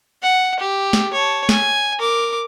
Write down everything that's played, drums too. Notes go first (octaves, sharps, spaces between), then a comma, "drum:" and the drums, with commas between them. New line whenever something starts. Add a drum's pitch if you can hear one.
F#5
G4
drum: snare
C#5 A5
G#5, drum: snare
A#4 D6